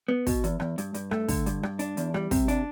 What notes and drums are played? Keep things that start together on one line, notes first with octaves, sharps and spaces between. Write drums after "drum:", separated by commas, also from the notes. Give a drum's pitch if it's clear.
B3
B2, drum: kick, open hi-hat
E2, drum: hi-hat
E2, drum: rim click
G2, drum: hi-hat
G2, drum: hi-hat
A3, drum: rim click
D3, drum: kick, open hi-hat
G2, drum: hi-hat
G2, drum: rim click
D4, drum: hi-hat
E2, drum: hi-hat
G3, drum: rim click
C3, drum: kick, open hi-hat
D4, drum: hi-hat